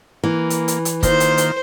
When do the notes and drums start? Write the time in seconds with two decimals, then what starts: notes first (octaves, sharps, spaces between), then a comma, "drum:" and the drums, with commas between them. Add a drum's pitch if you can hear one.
0.24 E3 A#3
0.50 drum: hi-hat
0.68 drum: hi-hat
0.85 drum: hi-hat
1.03 D#3 A#3 F4 C5, drum: kick, hi-hat
1.20 drum: hi-hat
1.38 drum: hi-hat